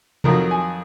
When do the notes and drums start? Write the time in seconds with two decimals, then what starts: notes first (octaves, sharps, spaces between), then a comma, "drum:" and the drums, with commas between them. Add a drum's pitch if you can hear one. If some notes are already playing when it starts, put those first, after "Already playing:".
0.24 F2 D#3 F#3 A#4, drum: tom C3
0.51 G#5